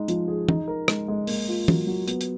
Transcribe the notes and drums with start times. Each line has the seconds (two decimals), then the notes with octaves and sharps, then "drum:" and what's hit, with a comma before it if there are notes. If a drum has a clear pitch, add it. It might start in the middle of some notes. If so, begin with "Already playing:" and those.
Already playing: G#3 D#4
0.08 F3, drum: hi-hat
0.28 G#4
0.49 D#4, drum: tom
0.68 A#4
0.88 G#3, drum: rim click
1.08 G#3
1.27 A#3, drum: open hi-hat
1.48 F4
1.68 F#3, drum: tom
1.87 F#3
2.08 B3, drum: hi-hat
2.21 drum: hi-hat